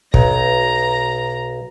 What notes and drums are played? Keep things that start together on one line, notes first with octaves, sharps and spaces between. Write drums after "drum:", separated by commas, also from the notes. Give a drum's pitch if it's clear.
B1 A#5, drum: kick